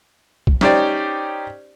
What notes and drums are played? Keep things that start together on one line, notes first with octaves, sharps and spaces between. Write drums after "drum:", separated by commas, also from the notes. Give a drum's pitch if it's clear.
drum: kick
C#4 D#4 G4 C5 D5, drum: snare